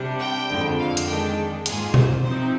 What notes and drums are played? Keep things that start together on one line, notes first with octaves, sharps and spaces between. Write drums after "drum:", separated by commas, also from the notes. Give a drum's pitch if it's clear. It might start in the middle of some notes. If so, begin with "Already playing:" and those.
Already playing: C3 G3 D4
G5
F2 D3 G#3
F5
drum: hi-hat
D#3 G#3 D4 G5
G#2 D#3 A#3 F4 G#4, drum: hi-hat
C5, drum: tom B2
C3 F3 C4 D#4 C5